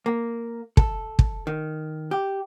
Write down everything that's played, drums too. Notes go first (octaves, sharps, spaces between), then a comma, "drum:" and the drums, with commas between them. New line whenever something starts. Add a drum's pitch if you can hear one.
A#3
A4, drum: kick
drum: kick
D#3
G4